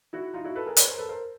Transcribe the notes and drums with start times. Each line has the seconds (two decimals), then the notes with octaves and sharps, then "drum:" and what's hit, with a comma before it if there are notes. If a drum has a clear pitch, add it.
0.13 E4 F#4
0.34 D#4 F4
0.45 E4 F#4
0.56 A4 B4
0.66 G#4 A#4
0.76 B4 C#5, drum: hi-hat
0.88 A#4 C5
0.98 A4 B4
1.09 A#4 C5